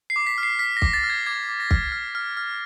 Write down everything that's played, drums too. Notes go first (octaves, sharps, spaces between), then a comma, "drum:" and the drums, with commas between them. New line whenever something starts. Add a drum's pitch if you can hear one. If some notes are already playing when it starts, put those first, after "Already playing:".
C7
D6
B6
F6
C7
F6 B6
A#6
D6, drum: kick
A6
F6
G#6
D6 G#6
D6
A#6
F6, drum: kick
F6
F6
F6